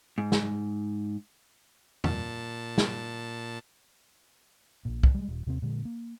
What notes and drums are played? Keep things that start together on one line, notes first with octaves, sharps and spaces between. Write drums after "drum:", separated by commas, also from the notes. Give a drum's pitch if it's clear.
G#2
drum: snare
A#2 A5, drum: tom
drum: snare
A#1 A#2
drum: kick
G3 G#3
D#1
D#2 C3 B3 C4
A#2 D3 G#3
A#3